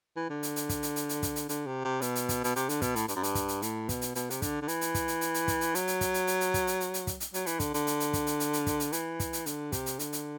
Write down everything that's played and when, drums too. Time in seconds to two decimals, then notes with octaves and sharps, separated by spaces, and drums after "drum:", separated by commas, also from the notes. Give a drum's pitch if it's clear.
0.16 E3
0.30 D3
0.43 drum: hi-hat
0.56 drum: hi-hat
0.69 drum: kick, hi-hat
0.83 drum: hi-hat
0.96 drum: hi-hat
1.09 drum: hi-hat
1.22 drum: kick, hi-hat
1.36 drum: hi-hat
1.49 D3, drum: hi-hat
1.67 C3
1.85 C3
2.02 B2, drum: hi-hat
2.15 drum: hi-hat
2.29 drum: kick, hi-hat
2.44 B2, drum: hi-hat
2.56 C3, drum: hi-hat
2.69 D3, drum: hi-hat
2.82 B2, drum: kick, hi-hat
2.96 A2, drum: hi-hat
3.08 G2, drum: hi-hat
3.16 F#2
3.23 G2, drum: hi-hat
3.35 drum: kick, hi-hat
3.48 drum: hi-hat
3.62 A2, drum: hi-hat
3.89 B2, drum: kick, hi-hat
4.01 drum: hi-hat
4.15 B2, drum: hi-hat
4.30 C3, drum: hi-hat
4.42 D3, drum: kick, hi-hat
4.62 D3
4.68 E3, drum: hi-hat
4.81 drum: hi-hat
4.94 drum: kick, hi-hat
5.08 drum: hi-hat
5.21 drum: hi-hat
5.34 drum: hi-hat
5.48 drum: kick, hi-hat
5.61 drum: hi-hat
5.75 F#3, drum: hi-hat
5.87 drum: hi-hat
6.01 drum: kick, hi-hat
6.14 drum: hi-hat
6.27 drum: hi-hat
6.41 drum: hi-hat
6.54 drum: kick, hi-hat
6.67 drum: hi-hat
6.80 drum: hi-hat
6.94 drum: hi-hat
7.07 drum: kick, hi-hat
7.20 drum: hi-hat
7.34 F#3, drum: hi-hat
7.46 E3, drum: hi-hat
7.60 D3, drum: kick, hi-hat
7.74 D3, drum: hi-hat
7.87 drum: hi-hat
8.00 drum: hi-hat
8.13 drum: kick, hi-hat
8.27 drum: hi-hat
8.40 drum: hi-hat
8.53 drum: hi-hat
8.66 drum: kick, hi-hat
8.80 drum: hi-hat
8.92 E3, drum: hi-hat
9.20 drum: kick, hi-hat
9.33 drum: hi-hat
9.46 D3, drum: hi-hat
9.72 C3, drum: kick, hi-hat
9.86 drum: hi-hat
9.99 D3, drum: hi-hat
10.13 drum: hi-hat